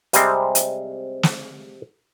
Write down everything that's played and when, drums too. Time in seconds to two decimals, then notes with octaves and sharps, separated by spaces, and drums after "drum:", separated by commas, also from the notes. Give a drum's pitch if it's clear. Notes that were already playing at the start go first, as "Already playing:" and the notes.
0.13 C3 G3 G#3 C4, drum: hi-hat
0.55 drum: hi-hat
1.23 drum: snare